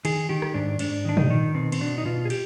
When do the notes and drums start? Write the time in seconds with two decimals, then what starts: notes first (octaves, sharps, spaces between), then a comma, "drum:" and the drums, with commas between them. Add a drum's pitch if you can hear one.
0.05 D#3 G#4, drum: cymbal
0.29 D#3 G4
0.42 drum: rim click
0.54 G#2 D4
0.79 G#2 D4, drum: cymbal
1.05 D#3 D4
1.17 D#4, drum: tom
1.30 D#3
1.54 B2 C4
1.72 C4, drum: cymbal
1.80 B2 D4
1.98 D#4
2.05 B2 F4
2.25 G#4
2.30 G4, drum: cymbal